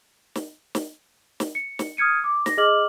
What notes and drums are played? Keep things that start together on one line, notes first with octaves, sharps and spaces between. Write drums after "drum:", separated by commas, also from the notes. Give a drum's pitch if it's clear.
drum: snare
drum: snare
drum: snare
C#7
drum: snare
D#6 F6 G#6 C#7 D#7
D6
A#6, drum: snare
G#4 D#5 D6 F6 F#7